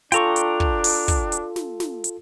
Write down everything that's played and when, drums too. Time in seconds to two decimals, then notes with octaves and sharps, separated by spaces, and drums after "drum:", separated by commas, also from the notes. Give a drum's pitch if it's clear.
0.12 D4 F4 A4 G5 A#5 C#6, drum: hi-hat
0.36 drum: hi-hat
0.60 drum: kick
0.84 drum: open hi-hat
1.08 drum: kick, hi-hat
1.32 drum: hi-hat
1.56 drum: snare
1.80 drum: snare
2.04 drum: hi-hat